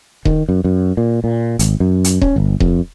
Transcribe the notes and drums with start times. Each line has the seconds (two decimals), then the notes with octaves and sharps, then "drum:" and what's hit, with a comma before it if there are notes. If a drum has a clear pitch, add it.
0.25 D#3, drum: kick D#1
0.49 F#2
0.64 F#2
0.97 A#2
1.24 A#2
1.59 G#1, drum: hi-hat
1.80 F#2
2.04 drum: hi-hat
2.22 C#4, drum: kick D#1
2.36 G1
2.60 F2, drum: kick D#1